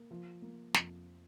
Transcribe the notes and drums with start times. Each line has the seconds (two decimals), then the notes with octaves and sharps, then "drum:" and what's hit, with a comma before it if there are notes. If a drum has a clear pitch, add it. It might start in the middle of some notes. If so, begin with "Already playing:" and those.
Already playing: A#3
0.11 F3
0.42 A#3
0.74 F2, drum: snare